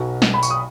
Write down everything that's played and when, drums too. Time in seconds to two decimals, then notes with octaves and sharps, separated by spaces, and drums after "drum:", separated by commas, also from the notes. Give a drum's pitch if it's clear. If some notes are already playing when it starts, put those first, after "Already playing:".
Already playing: B1 B2 F#3
0.22 drum: snare
0.34 B5
0.43 C#6, drum: tambourine
0.50 D#6